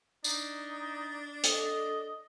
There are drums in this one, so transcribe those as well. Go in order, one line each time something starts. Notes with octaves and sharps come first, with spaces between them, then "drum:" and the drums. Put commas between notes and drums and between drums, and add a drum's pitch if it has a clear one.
D4 D#4, drum: tambourine
A4 D#5, drum: hi-hat